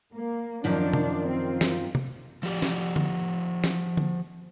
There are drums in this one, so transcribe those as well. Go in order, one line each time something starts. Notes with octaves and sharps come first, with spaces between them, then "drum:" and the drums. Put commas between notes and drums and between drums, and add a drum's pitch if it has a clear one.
A#3
F#2 D#3 F3 D4
drum: tom C3
C4 F4
drum: snare
drum: tom C3
F3 G4 D5
drum: snare
drum: tom D3
drum: snare
drum: tom D3